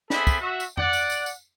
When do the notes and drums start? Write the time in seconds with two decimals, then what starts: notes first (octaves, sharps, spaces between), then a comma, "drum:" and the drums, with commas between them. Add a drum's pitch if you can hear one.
0.10 B3 C4 G#4 A4 E5 B5, drum: snare
0.27 drum: kick, tambourine
0.40 F#4 E5
0.60 drum: tambourine
0.77 D5 F#5, drum: tom F2
0.93 drum: tambourine
1.10 drum: tambourine
1.26 drum: tambourine